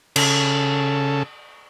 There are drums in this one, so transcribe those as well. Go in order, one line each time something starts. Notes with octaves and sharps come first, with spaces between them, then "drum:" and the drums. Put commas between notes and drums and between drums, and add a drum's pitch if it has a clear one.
C#3 A4, drum: cymbal